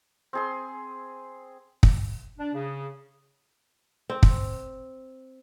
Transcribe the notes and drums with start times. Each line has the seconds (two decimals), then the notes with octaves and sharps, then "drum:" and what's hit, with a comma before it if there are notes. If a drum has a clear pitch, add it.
0.33 C4 G#4 C6
1.83 drum: kick
2.38 D4
2.53 C#3
4.10 C4
4.23 drum: kick